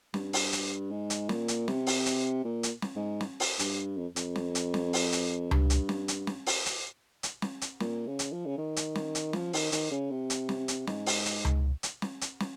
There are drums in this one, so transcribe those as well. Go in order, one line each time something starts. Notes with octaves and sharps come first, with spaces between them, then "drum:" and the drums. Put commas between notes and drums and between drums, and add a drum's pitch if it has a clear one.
G2, drum: snare
drum: open hi-hat
drum: hi-hat
G#2
drum: hi-hat
A#2, drum: snare
drum: hi-hat
C3, drum: snare
drum: open hi-hat
drum: hi-hat
A#2
drum: hi-hat
drum: snare
G#2
drum: snare
drum: open hi-hat
G2, drum: hi-hat
F2
F2, drum: hi-hat
drum: snare
drum: hi-hat
drum: snare
drum: open hi-hat
drum: hi-hat
G2, drum: tom C#2
drum: hi-hat
drum: snare
drum: hi-hat
drum: snare
drum: open hi-hat
drum: hi-hat
drum: hi-hat
drum: snare
drum: hi-hat
A#2, drum: snare
C#3
drum: hi-hat
F3
C#3
D#3
drum: hi-hat
drum: snare
drum: hi-hat
F3, drum: snare
D#3, drum: open hi-hat
D#3, drum: hi-hat
C#3
C3
drum: hi-hat
drum: snare
drum: hi-hat
G#2, drum: snare
drum: open hi-hat
drum: hi-hat
drum: tom C#2
drum: hi-hat
drum: snare
drum: hi-hat
drum: snare